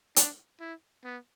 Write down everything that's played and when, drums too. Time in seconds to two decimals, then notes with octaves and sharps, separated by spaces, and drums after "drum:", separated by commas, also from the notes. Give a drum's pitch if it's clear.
0.16 D4, drum: hi-hat
0.60 E4
1.04 B3